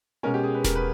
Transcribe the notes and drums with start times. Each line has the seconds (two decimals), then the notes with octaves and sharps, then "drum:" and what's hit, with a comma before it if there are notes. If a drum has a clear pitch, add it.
0.23 B2 G#3 C#4 A#4
0.34 G4
0.43 G#4
0.54 B4
0.64 A#4, drum: snare D#1
0.75 B4